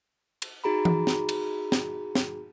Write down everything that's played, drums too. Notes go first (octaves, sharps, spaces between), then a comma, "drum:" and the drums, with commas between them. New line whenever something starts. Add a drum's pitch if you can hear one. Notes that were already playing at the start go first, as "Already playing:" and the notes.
drum: cymbal
D#4 F#4 G#4 A#5 B5
drum: tom E3
drum: snare
drum: cymbal
drum: snare
drum: snare